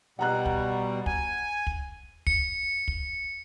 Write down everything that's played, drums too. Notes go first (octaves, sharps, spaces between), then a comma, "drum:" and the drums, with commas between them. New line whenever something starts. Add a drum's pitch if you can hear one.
B2 G3 F#5 A#5 F#6
drum: kick
G#5, drum: kick
drum: kick
C#7, drum: kick
drum: kick